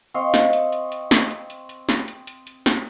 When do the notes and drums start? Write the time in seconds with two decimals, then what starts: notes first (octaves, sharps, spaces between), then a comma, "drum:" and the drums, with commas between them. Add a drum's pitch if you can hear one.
0.14 C4 D#5 F5 C#6
0.34 drum: snare
0.53 drum: hi-hat
0.72 drum: hi-hat
0.92 drum: hi-hat
1.11 drum: snare
1.31 drum: hi-hat
1.50 drum: hi-hat
1.69 drum: hi-hat
1.89 drum: snare
2.08 drum: hi-hat
2.27 drum: hi-hat
2.47 drum: hi-hat
2.66 drum: snare